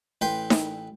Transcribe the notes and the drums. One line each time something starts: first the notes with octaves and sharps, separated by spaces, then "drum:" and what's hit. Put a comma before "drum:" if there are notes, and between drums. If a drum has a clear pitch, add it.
A1 B4 G5 C6
drum: snare D#4